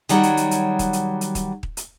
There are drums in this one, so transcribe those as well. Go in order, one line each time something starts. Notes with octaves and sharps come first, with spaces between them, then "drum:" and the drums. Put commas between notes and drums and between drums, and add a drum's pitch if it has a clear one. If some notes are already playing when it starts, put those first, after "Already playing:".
D#3 F#3 G3 F#4 A4 C#5, drum: hi-hat
drum: hi-hat
drum: hi-hat
drum: hi-hat
drum: kick D#1, hi-hat
drum: hi-hat
drum: hi-hat
drum: kick D#1, hi-hat
drum: kick D#1
drum: hi-hat